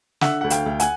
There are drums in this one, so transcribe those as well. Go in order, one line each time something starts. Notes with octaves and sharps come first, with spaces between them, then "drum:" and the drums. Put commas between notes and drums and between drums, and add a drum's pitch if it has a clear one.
D3 E5 F#5, drum: snare
D2 F#5
F5 G5, drum: hi-hat
D2
F#5 G#5, drum: hi-hat